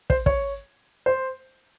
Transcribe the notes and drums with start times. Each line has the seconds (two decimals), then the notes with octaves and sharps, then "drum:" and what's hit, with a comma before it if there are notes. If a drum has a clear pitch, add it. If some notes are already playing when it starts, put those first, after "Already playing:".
0.10 C5, drum: kick
0.26 C#5, drum: kick
1.06 C5